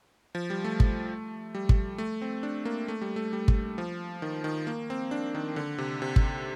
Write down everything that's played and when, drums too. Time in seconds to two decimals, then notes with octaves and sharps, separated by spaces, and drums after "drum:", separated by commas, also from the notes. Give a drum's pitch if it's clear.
0.35 F3
0.50 G3
0.64 A3
0.80 drum: kick
1.55 G3
1.69 drum: kick
1.98 A3
2.22 C4
2.43 D4
2.65 A#3
2.88 A3
3.01 G3
3.16 A3
3.33 G3
3.48 drum: kick
3.78 F3
4.22 D#3
4.44 D#3
4.67 A#3
4.90 C4
5.11 D4
5.35 D#3
5.56 D3
5.78 C3
6.02 C3
6.16 drum: kick